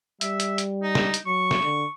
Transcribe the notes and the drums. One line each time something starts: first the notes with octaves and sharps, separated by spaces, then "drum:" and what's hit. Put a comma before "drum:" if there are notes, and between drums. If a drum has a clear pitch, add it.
G3 E5, drum: hi-hat
drum: hi-hat
drum: hi-hat
D#4
drum: snare
drum: hi-hat
F#3 C#6
drum: snare
D3